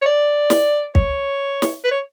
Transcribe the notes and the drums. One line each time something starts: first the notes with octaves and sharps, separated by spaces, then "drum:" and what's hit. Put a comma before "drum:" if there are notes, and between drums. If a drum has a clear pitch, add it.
C#5
D5
drum: snare
C#5, drum: kick
drum: snare
B4
C#5